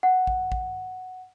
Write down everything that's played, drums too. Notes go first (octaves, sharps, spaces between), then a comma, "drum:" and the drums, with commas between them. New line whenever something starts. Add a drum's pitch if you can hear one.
F#5
drum: kick A1
drum: kick A1